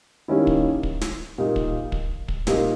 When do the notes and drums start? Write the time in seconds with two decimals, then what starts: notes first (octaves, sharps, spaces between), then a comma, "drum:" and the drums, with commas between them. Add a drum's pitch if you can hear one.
0.28 D#3 G3 A#3 C#4 E4
0.47 drum: kick
0.83 drum: kick
1.01 drum: snare
1.38 A#2 G3 A#3 D#4
1.56 drum: kick
1.92 drum: kick
2.28 drum: kick
2.47 A#2 G3 A#3 D#4, drum: snare